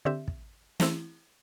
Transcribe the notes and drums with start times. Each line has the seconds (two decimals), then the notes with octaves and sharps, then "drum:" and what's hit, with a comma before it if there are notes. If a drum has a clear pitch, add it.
0.05 D3 C4 G4 E5
0.28 drum: kick
0.80 E3 A3 C4 E4, drum: snare